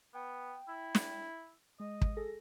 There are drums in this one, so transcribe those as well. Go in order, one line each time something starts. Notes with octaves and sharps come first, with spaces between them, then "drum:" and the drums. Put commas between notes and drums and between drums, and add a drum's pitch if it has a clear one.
B3 G5
E4
drum: snare
G#3 D#5
drum: kick
G#4 A4 A#6